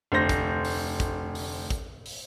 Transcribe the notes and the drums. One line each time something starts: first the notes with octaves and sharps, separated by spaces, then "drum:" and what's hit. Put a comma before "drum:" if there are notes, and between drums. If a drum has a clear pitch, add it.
F1 D2 C5 C6 G6 A#6
drum: kick, hi-hat
drum: open hi-hat
drum: kick, hi-hat
drum: open hi-hat
drum: kick, hi-hat
drum: open hi-hat